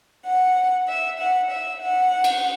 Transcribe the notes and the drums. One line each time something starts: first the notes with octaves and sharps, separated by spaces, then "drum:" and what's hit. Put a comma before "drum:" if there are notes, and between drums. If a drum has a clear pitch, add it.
F#5
E5
F#5
E5
F#5
drum: cymbal